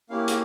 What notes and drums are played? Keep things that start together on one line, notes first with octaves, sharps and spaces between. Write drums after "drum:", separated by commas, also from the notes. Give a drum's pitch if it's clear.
A#3 C#4 E4 G4 F5
drum: hi-hat